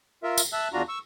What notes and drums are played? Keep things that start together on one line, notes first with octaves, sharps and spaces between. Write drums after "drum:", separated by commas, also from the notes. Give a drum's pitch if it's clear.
F4 A#4 E5
drum: tambourine
E5 A5 E6 F#6
E2 D4 F4 F#4 A#5
C#6 E6